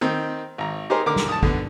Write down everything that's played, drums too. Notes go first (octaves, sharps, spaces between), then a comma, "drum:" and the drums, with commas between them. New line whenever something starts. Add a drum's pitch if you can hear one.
D#3 C4
G#1 A#5
D#4 G4 G#4 A#4 C5
D3 A#4 D6
drum: snare
A5 D#6
D3 B3, drum: kick G#1